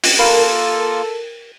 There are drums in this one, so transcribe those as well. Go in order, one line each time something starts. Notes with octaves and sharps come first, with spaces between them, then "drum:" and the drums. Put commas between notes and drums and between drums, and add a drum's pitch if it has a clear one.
drum: open hi-hat
A#3 F4 A4 A#4 F5 B5